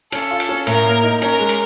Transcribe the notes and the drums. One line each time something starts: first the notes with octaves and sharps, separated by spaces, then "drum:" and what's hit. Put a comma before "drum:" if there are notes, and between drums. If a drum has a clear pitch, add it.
C#4 A4, drum: cymbal
F4
drum: cymbal
C#4
A2 A#4, drum: cymbal
A#3
D#4
C#4 A#4, drum: cymbal
G#3
drum: cymbal